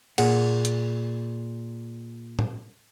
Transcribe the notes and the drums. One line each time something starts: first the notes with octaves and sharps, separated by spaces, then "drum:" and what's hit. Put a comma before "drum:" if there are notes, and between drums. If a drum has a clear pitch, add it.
A#2 G#4 F#5, drum: cymbal
drum: hi-hat
drum: tom